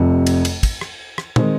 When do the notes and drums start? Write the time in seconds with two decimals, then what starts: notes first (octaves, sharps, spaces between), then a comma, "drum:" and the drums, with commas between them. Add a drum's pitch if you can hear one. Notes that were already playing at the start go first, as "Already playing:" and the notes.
Already playing: F1 F2 C3
0.27 drum: cymbal
0.45 drum: cymbal
0.63 drum: kick, cymbal
0.81 drum: rim click
1.18 drum: rim click
1.36 D#3 G#3 C4 D#4, drum: tom